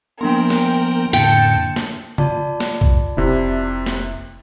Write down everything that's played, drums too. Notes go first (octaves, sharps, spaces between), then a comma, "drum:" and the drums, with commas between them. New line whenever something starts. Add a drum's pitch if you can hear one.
F3 A#3 B3 D4 A#4 G5 C6
drum: snare
F2 A2 D3 G5 A5 C#7
drum: snare
F4 D5 A5, drum: tom C#3
drum: snare
drum: kick B1
F1 C3 E4
drum: snare